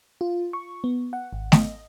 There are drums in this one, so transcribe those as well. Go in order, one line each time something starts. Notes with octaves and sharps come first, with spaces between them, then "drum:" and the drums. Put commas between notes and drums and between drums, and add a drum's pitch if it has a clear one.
F4
C#6
B3
F#5
G#1
D#5, drum: snare A3